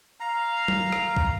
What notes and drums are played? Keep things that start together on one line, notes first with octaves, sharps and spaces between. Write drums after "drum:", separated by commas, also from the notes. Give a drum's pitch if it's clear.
F5 A#5
drum: tom F#3
drum: rim click
drum: kick